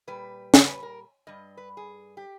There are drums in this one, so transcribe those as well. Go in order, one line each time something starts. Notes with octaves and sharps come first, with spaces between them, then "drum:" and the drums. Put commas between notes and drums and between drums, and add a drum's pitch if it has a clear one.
A#2 G3 B4
drum: snare
B4
A#4
G2 G3 D#5
B4
G#4
G4